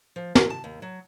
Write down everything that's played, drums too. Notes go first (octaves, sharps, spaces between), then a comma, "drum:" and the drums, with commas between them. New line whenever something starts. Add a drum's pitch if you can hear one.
F3
A#4, drum: snare
A5
D#2
F#3